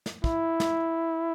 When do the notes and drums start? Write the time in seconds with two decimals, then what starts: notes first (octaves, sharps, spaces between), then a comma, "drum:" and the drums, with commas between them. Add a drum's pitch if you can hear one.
0.06 drum: snare
0.24 E4, drum: kick
0.60 drum: snare